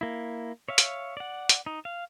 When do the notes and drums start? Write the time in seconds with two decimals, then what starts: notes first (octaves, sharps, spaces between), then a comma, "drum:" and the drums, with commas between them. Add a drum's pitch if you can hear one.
0.01 A#3 E4
0.69 C#5 E5 F5
0.78 drum: hi-hat
1.17 D5 F#5
1.49 drum: hi-hat
1.66 D#4
1.85 F5